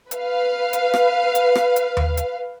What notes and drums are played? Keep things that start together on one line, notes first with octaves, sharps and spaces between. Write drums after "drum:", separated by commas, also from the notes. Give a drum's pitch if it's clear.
B4 F5, drum: hi-hat
drum: hi-hat
drum: rim click
drum: hi-hat
drum: rim click
drum: hi-hat
drum: tom D#2
drum: hi-hat